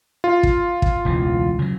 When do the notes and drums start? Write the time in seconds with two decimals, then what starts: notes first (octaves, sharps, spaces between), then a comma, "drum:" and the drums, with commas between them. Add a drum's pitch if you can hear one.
0.24 F4
0.43 drum: kick
0.82 drum: kick
1.05 E1 C#2 E3
1.59 C#3 F#3